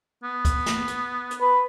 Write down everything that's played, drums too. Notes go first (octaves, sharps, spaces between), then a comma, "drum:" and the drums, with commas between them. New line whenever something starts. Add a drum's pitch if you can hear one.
B3
drum: kick, hi-hat
drum: snare
drum: hi-hat
drum: hi-hat
B4